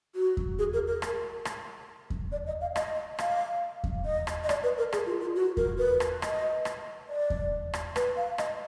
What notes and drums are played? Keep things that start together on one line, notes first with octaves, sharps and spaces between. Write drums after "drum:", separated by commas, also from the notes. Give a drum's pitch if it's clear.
F#4
drum: kick E2
G#4
A#4
A#4
drum: rim click
drum: rim click
drum: kick E2
D5
D#5
F5
D#5, drum: rim click
F5, drum: rim click
drum: kick E2
D#5
drum: rim click
D#5
D5, drum: rim click
B4
A#4
G#4, drum: rim click
F4
F4
F#4
A#4, drum: kick E2
B4
drum: rim click
D#5, drum: rim click
drum: rim click
D5
drum: kick E2
drum: rim click
B4, drum: rim click
F5
D#5, drum: rim click